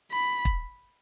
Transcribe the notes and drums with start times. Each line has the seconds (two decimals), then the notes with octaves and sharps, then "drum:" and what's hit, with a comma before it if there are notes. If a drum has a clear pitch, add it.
0.12 B5
0.45 drum: kick